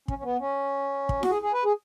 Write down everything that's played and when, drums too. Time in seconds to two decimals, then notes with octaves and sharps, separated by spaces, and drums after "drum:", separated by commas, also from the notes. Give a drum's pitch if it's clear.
0.08 C#4, drum: kick
0.18 C#4
0.23 B3
0.39 C#4
1.09 drum: kick
1.23 F#4, drum: snare E4
1.30 G#4
1.42 G#4
1.53 B4
1.64 G#4